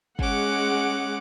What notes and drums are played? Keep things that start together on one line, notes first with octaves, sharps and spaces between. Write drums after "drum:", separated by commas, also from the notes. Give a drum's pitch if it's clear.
G#3 C#4 F#5 D6, drum: kick